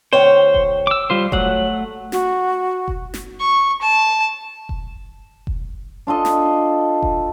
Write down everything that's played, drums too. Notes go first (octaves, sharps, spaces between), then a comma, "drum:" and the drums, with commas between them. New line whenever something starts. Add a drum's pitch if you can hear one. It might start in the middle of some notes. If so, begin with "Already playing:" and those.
D2 C5 C#5 G5
drum: kick F1
D6 E6
G3 F4 C5
F#3 A3 F#5, drum: kick F1
F#4, drum: snare
drum: kick F1
drum: snare
C#6
A5
drum: kick F1
drum: kick F1
D4 F4 A4 D#5
drum: snare
drum: kick F1